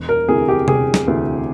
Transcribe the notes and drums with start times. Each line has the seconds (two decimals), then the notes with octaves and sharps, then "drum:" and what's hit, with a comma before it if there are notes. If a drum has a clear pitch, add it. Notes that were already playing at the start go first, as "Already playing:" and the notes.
Already playing: E1
0.09 A#4
0.28 D2 C3 E3 G#4
0.48 G4
0.68 E1 G#4, drum: tom C3
0.94 drum: snare
1.07 D2 C3 E3